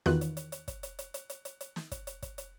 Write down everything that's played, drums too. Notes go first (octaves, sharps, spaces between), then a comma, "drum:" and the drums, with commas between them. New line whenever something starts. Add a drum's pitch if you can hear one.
E2 D#3 F4 F#4 B4 F#6, drum: snare
drum: hi-hat
drum: hi-hat
drum: hi-hat
drum: kick, hi-hat
drum: hi-hat
drum: hi-hat
drum: hi-hat
drum: hi-hat
drum: hi-hat
drum: hi-hat
drum: snare
drum: kick, hi-hat
drum: hi-hat
drum: kick, hi-hat
drum: hi-hat